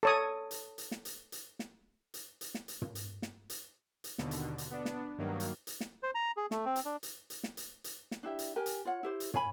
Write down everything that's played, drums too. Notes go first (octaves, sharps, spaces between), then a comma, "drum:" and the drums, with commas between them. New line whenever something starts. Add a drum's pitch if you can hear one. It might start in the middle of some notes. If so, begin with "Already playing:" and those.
A4 C#5 D#6
drum: hi-hat
drum: hi-hat
drum: snare
drum: hi-hat
drum: hi-hat
drum: snare
drum: hi-hat
drum: hi-hat
drum: snare
drum: hi-hat
drum: tom
drum: hi-hat
drum: snare
drum: hi-hat
drum: hi-hat
D#2 B2 D3, drum: snare
drum: hi-hat
drum: hi-hat
B3 D4
drum: snare
G2 D#3 F#3 A#3
drum: hi-hat
drum: hi-hat
drum: snare
C5
A#5
G#4
A3, drum: snare
C4
drum: hi-hat
D4
drum: hi-hat
drum: hi-hat
drum: snare
drum: hi-hat
drum: hi-hat
drum: snare
D4 E4 G4 E5
drum: hi-hat
G4 A#4 G#5
drum: hi-hat
F4 C#5 F#5
E4 G4 C5
drum: hi-hat
C#5 F5 G#5 B5, drum: tom